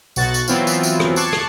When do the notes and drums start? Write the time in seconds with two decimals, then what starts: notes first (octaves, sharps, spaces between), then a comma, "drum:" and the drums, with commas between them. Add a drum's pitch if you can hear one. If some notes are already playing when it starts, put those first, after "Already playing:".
0.16 B1 B2 F#4 C#6 F#6 A6, drum: tambourine
0.34 drum: tambourine
0.48 E3 F#3 B3 C4 E4 F4, drum: tambourine
0.67 drum: tambourine
0.83 drum: tambourine
1.00 drum: rim click
1.16 A5 C#6 D6 F#6 G#6 C7, drum: tambourine
1.33 drum: rim click